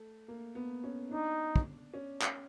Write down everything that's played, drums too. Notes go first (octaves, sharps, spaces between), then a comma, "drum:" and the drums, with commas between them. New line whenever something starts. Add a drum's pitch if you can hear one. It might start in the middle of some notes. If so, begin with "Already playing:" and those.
Already playing: A3
A#3
B3
C#4
D4 D#4
drum: kick
C#4
drum: clap